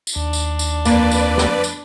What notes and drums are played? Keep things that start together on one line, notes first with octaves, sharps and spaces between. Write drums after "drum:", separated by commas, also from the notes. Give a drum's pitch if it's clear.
drum: tambourine
D#2 D4
drum: tambourine
drum: tambourine
F2 A#3 B4 D5, drum: tambourine
drum: tambourine
drum: snare
drum: tambourine